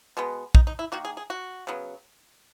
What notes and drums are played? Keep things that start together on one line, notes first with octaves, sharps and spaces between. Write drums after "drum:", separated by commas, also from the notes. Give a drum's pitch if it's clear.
B2 G#3 B3
D#4, drum: kick
D#4
E4
D#3 A#3 F#4
G#4
G#4
F#4
C#3 F#3 B3